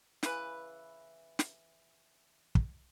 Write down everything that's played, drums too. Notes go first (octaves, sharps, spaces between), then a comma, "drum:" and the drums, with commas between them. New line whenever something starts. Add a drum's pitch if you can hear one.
C#3 E3 B4, drum: snare
drum: snare
drum: kick